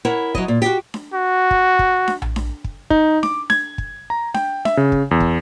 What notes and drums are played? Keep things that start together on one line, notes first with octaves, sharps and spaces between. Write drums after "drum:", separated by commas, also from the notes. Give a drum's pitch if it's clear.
E4 A#4 C#5 F#5
F#3 E4 D#5, drum: kick
A#2
F#4 G4
drum: snare D4
F#4
drum: kick
drum: kick
drum: snare D4
drum: tom A#1
drum: snare D4
drum: kick
D#4, drum: kick
D6, drum: snare D4
G#6, drum: snare D4
drum: kick
A#5
G5, drum: snare D4
E5, drum: snare D4
C#3
drum: kick
E2
drum: kick